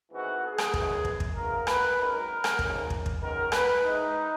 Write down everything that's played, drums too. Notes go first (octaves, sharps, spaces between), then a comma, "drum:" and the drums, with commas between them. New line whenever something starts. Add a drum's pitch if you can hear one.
G#1 G#2 E3 B3 F#4
G#4
drum: rim click
F#2 E3 G#3 B3, drum: kick
drum: kick
drum: kick
E2 C#3 F#3 A#4
B4, drum: rim click
G#1 F#2 D#3 F#3 A#4
drum: rim click
G#1 F#2 C#3, drum: kick
drum: kick
drum: kick
F#2 D#3 G#3 B3 A#4
B4, drum: rim click
G#2 E3 G#3 D#4